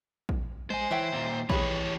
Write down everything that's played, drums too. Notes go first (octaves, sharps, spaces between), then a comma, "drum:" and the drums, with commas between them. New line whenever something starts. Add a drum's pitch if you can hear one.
drum: kick A#1
G#3 C5 G#5
E3 C#5 E5 G5
D#2 A#2
E3 G4 G#4 B4 C#5 B5, drum: kick A#1